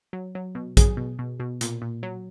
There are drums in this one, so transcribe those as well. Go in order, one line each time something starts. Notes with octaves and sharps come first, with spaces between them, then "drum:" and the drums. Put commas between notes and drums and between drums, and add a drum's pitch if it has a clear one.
F#3
F#3
B2
F#3 G#4, drum: kick, hi-hat
B2
B2
B2
A#2, drum: hi-hat
A#2
F#3